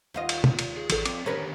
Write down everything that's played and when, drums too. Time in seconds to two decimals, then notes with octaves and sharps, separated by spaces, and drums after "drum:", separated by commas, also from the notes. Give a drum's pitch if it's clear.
0.14 D#2 F4 D#5
0.29 drum: cymbal
0.44 drum: tom
0.59 drum: cymbal
0.77 G#4
0.90 A1 A4, drum: cymbal
1.06 F3 C4 D6, drum: cymbal
1.26 D3 D#3 C#4 G4 A#4 B4